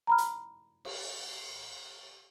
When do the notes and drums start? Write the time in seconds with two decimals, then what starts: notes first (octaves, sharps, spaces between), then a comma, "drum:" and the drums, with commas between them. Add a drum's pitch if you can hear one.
0.07 A#5 B5 F6
0.18 drum: hi-hat
0.85 drum: cymbal